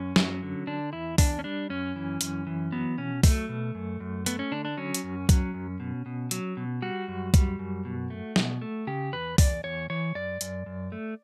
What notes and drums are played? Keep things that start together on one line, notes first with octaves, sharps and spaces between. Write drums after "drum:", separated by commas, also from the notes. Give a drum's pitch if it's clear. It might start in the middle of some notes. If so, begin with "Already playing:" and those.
Already playing: F#2 C#4
F#3, drum: snare
D3
D3 D4
E2 E4
E2 D4, drum: kick C2, open hi-hat
C#4
G3 D4
F#2 C#4
E3
F#2, drum: hi-hat
E3
F#3 B3
B2 C#4
F#3 A3, drum: kick C2, open hi-hat
B2
F#2
F#2
A3 B3, drum: hi-hat
C#4
D3 D4
D4
F#3 C#4
drum: hi-hat
F#2
F#3, drum: kick C2, hi-hat
F#2
B2
B2
F#3, drum: hi-hat
B2
G3 F#4
F#2
G3, drum: kick C2, hi-hat
F#2
B2
A3
B2, drum: snare
A3
C#3 G4
E2 B4
E2 D5, drum: kick C2, open hi-hat
E2 C#5
E3 C#5
F#2 D5
F#2, drum: hi-hat
F#2
A3